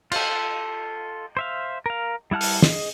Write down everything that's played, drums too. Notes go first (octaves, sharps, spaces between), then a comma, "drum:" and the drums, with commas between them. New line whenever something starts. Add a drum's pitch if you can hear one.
F4 A4, drum: cymbal
C5 E5 F5
A#4 F5
G3 E4 F#5 A5 F6
drum: open hi-hat
G#4 D#5, drum: snare